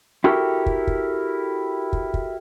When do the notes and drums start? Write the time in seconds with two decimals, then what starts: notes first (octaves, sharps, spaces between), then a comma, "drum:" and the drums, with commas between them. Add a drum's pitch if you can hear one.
0.24 E4 F#4 G4 A4 A#4
0.66 drum: kick
0.87 drum: kick
1.93 drum: kick
2.14 drum: kick